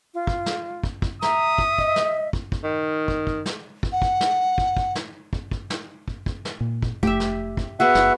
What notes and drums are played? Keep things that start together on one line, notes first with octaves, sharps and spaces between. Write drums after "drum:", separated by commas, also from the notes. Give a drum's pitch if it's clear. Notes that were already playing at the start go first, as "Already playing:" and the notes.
F4
drum: kick
drum: snare
drum: kick
drum: kick
E5 A#5 D#6, drum: snare
drum: kick
D#5, drum: kick
drum: snare
drum: kick
drum: kick
D#3
drum: kick
drum: kick
drum: snare
drum: kick
F#5
drum: kick
drum: snare
drum: kick
drum: kick
drum: snare
drum: kick
drum: kick
drum: snare
drum: kick
drum: kick
drum: snare
A#2
drum: kick
F1 A3 G4 E5, drum: kick
drum: snare
drum: kick
B3 F#4 G#4 E5 F#5
F#1, drum: snare